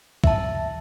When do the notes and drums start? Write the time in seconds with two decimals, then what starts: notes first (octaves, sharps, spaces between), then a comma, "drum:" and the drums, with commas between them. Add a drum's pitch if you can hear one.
0.24 E5 A5, drum: kick